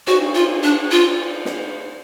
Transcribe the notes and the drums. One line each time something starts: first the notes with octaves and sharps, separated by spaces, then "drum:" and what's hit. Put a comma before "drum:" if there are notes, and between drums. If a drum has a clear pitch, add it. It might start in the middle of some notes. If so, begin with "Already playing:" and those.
F#4, drum: cymbal
F4
D4
F4
drum: snare